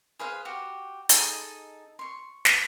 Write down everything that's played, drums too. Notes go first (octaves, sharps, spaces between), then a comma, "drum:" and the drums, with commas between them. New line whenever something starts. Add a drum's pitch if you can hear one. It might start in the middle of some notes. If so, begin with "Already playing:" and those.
G#4 B4 C5 F5
F#4 G4
D#4 G#4 A4, drum: hi-hat
C6 C#6
drum: snare